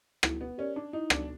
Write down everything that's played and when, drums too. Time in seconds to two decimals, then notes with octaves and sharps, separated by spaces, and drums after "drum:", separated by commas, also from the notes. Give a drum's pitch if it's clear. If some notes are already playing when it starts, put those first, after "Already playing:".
0.23 E4, drum: rim click
0.41 B3
0.58 C#4 G4 A#4 D5
0.76 D4
0.93 D#4 E4
1.10 D4, drum: rim click